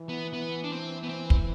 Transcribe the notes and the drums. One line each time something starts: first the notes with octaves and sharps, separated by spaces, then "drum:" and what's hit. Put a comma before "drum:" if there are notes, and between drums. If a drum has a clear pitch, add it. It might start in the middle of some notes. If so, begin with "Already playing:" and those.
Already playing: E3
B3
E3 B3
D4
C4
B3
C4
drum: kick